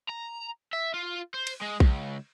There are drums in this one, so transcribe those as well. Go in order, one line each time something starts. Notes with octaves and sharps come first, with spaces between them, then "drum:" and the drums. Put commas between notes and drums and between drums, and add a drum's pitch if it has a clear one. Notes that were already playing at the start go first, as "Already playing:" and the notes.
A#5
E5
F4
C5
drum: cymbal
G#3
C#2, drum: kick A#1